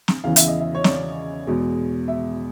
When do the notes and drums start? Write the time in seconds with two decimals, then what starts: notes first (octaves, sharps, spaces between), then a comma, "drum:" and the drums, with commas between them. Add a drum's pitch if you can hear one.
0.08 drum: snare
0.24 E2 C#3 E3 F5
0.36 E5, drum: hi-hat
0.48 D#5
0.60 E5
0.75 C#5
0.84 D5, drum: snare
1.47 E2 B2 G#3
2.08 E5